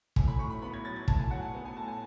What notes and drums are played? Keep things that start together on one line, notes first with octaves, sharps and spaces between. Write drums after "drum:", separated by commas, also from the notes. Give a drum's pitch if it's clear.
A2 G#5, drum: kick
B5
A2 C#6
B5
B3 B5
G#6
F#3 A6
G#6
A2 A5, drum: kick
G#5
F#3 F#5
G#5
B3
G#5
A2 A5
G#5